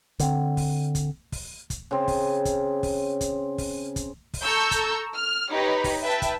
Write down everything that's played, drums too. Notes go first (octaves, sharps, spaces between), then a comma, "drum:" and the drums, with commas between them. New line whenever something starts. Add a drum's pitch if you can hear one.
D3 C4, drum: kick, hi-hat
drum: kick, open hi-hat
drum: kick, hi-hat
drum: kick, open hi-hat
drum: kick, hi-hat
C#3 C4
drum: kick, open hi-hat
drum: kick, hi-hat
drum: kick, open hi-hat
drum: kick, hi-hat
drum: kick, open hi-hat
drum: kick, hi-hat
drum: kick, open hi-hat
A4 A#5 C#6 E6 G6
drum: kick, hi-hat
F6
D#4 G4 B4 C#5 B5
drum: kick, open hi-hat
B4 E5 G5 A5
drum: kick, hi-hat